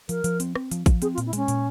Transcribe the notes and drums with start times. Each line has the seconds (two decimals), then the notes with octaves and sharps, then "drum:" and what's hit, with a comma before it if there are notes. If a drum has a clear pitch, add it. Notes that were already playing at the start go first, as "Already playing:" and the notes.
0.09 F3 A#4, drum: hi-hat
0.24 F3, drum: hi-hat
0.40 C4, drum: hi-hat
0.55 C4, drum: rim click
0.71 F3, drum: hi-hat
0.86 F3, drum: kick A1, hi-hat
1.02 C4 G#4, drum: hi-hat
1.14 F4
1.18 A#2, drum: hi-hat
1.26 E4
1.33 G#3 C#4, drum: hi-hat
1.48 A#2, drum: hi-hat